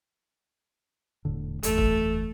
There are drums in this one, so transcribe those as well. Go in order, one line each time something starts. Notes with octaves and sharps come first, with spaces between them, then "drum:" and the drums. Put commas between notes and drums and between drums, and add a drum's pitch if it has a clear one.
E1 A2 D3
F#1 E2 A3, drum: hi-hat
drum: kick